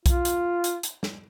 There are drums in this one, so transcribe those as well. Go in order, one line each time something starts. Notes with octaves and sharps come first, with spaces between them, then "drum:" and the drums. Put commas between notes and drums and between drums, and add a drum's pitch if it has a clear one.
F4, drum: kick B1, hi-hat
drum: hi-hat
drum: hi-hat
drum: hi-hat
drum: snare